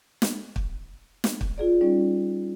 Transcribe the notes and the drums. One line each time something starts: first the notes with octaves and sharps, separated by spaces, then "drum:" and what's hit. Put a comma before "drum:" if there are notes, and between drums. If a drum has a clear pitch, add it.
drum: snare
drum: kick
drum: snare
drum: kick
F4 G#4 D5
G3 C#4 D#4 D5